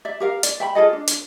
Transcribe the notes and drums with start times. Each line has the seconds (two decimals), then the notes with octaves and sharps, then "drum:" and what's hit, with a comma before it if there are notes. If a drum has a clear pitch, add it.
0.05 D5 E5
0.20 G4 A#4 F5
0.43 D5, drum: hi-hat
0.60 E5 G5 B5
0.75 F4 G#4 A4 D#5
0.93 D4
1.07 drum: hi-hat